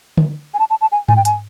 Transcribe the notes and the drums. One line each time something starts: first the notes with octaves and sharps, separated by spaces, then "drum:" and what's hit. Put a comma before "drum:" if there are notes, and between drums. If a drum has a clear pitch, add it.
drum: tom
G#5
A5
A5
A5
G#5
G#5, drum: tom G#2
G5
G#5, drum: hi-hat